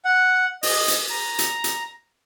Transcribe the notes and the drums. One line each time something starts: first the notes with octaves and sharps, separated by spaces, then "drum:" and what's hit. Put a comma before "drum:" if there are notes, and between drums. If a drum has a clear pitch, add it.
F#5
D#5, drum: open hi-hat
drum: hi-hat
A#5
drum: hi-hat
drum: hi-hat